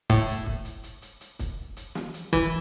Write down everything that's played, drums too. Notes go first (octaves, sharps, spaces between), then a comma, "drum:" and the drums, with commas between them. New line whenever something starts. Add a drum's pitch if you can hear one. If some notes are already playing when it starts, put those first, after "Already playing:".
A2, drum: kick, open hi-hat
drum: hi-hat
drum: kick
drum: hi-hat
drum: hi-hat
drum: hi-hat
drum: hi-hat
drum: kick, hi-hat
drum: hi-hat
drum: snare
drum: hi-hat
E3, drum: kick